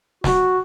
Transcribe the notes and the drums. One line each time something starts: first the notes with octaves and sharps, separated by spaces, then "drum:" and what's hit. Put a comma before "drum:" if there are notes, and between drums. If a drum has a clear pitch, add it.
F#4, drum: snare